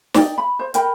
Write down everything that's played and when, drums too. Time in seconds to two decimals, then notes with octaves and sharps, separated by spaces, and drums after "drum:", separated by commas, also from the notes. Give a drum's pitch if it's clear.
0.14 D#4 D5 G5, drum: snare
0.38 B5
0.59 C5
0.74 A#4 G5 B5, drum: hi-hat